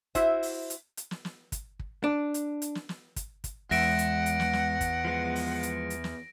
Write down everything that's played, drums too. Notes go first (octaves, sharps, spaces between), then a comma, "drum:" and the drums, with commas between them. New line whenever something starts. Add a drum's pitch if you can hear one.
E4 F#4 C5 E5, drum: kick, hi-hat
drum: open hi-hat
drum: hi-hat
drum: hi-hat
drum: snare
drum: snare
drum: kick, hi-hat
drum: kick
D4
drum: hi-hat
drum: hi-hat
drum: snare
drum: snare
drum: kick, hi-hat
drum: kick, hi-hat
E2 G#3 E5 F#5 A#6 D7, drum: open hi-hat
drum: hi-hat
drum: hi-hat
drum: snare
drum: snare
drum: kick, hi-hat
F3 G#3 B3
drum: open hi-hat
drum: hi-hat
drum: hi-hat
drum: snare